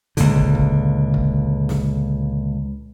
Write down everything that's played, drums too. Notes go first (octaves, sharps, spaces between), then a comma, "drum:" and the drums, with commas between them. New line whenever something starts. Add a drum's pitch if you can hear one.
C#2 A#2 D3, drum: hi-hat
drum: kick
drum: kick
drum: kick
drum: snare